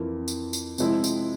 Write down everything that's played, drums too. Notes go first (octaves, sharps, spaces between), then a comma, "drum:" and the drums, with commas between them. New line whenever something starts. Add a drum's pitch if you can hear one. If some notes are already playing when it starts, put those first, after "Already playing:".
Already playing: F2 E3 A#3
drum: tambourine
drum: tambourine
C3 F3 G#3 C4 E4, drum: tambourine
drum: tambourine